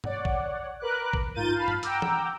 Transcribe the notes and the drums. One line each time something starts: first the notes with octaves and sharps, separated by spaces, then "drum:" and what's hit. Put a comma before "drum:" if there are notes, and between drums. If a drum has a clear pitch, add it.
C#5 D5 F#5, drum: tom G2
drum: kick A1
A#4 B4 D6 F#6
drum: kick A1
G#2 F4 A#4 G6 A6 D#7
F5 A5 B5
drum: tom G2
F#5 G5 A#5 D6 E6, drum: hi-hat
drum: tom E3